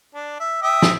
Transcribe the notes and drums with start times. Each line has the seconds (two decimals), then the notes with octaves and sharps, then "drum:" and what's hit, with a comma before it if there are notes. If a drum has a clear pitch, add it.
0.15 D4
0.40 E5
0.63 E5 G5 D#6
0.82 drum: snare